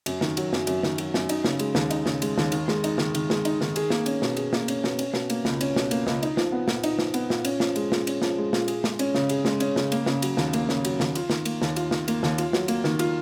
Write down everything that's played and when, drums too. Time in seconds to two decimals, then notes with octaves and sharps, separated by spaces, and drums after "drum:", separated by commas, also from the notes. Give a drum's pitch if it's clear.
0.06 F#2, drum: cymbal
0.21 D#3, drum: snare
0.37 F#3, drum: cymbal
0.53 F#2, drum: snare
0.67 F#2, drum: cymbal
0.83 D#3, drum: snare
0.98 F#3, drum: cymbal
1.14 F#2, drum: snare
1.29 D#4, drum: cymbal
1.45 C#3, drum: snare
1.59 G#3, drum: cymbal
1.75 D#2, drum: snare
1.91 D#4, drum: cymbal
2.06 C#3, drum: snare
2.22 G#3, drum: cymbal
2.38 D#2, drum: snare
2.52 D#3, drum: cymbal
2.68 G#3, drum: snare
2.84 D#4, drum: cymbal
2.98 D#3, drum: snare
3.15 D#3, drum: cymbal
3.30 G#3, drum: snare
3.45 D#4, drum: cymbal
3.61 D#3, drum: snare
3.76 G#4, drum: cymbal
3.90 A#3, drum: snare
4.06 C#4, drum: cymbal
4.22 B2, drum: snare
4.37 G#4, drum: cymbal
4.53 A#3, drum: snare
4.68 C#4, drum: cymbal
4.84 B2, drum: snare
4.99 C#4, drum: cymbal
5.14 B2, drum: snare
5.30 A#3, drum: cymbal
5.45 C#2, drum: snare
5.61 C#4, drum: cymbal
5.76 B2, drum: snare
5.91 A#3, drum: cymbal
6.07 C#2, drum: snare
6.23 D#4, drum: cymbal
6.37 F3, drum: snare
6.52 B3
6.68 A#2, drum: snare
6.83 D#4, drum: cymbal
6.99 F3, drum: snare
7.14 B3, drum: cymbal
7.30 A#2, drum: snare
7.45 C#4, drum: cymbal
7.60 F3, drum: snare
7.76 G#3, drum: cymbal
7.92 A#2, drum: snare
8.07 C#4, drum: cymbal
8.22 F3, drum: snare
8.38 G#3
8.53 A#2, drum: snare
8.68 G#4, drum: cymbal
8.84 G#3, drum: snare
8.99 C#4, drum: cymbal
9.15 C#3, drum: snare
9.29 G#4, drum: cymbal
9.45 G#3, drum: snare
9.60 C#4, drum: cymbal
9.76 C#3, drum: snare
9.92 A#3, drum: cymbal
10.06 C#3, drum: snare
10.22 F#3, drum: cymbal
10.37 D#2, drum: snare
10.53 A#3, drum: cymbal
10.69 C#3, drum: snare
10.85 F#3, drum: cymbal
11.00 D#2, drum: snare
11.15 F4, drum: cymbal
11.30 D#3, drum: snare
11.45 A#3, drum: cymbal
11.62 D#2, drum: snare
11.76 F4, drum: cymbal
11.91 D#3, drum: snare
12.08 A#3, drum: cymbal
12.23 D#2, drum: snare
12.38 F4, drum: cymbal
12.53 F#3, drum: snare
12.68 A#3, drum: cymbal
12.84 D#3, drum: snare
12.99 F4, drum: cymbal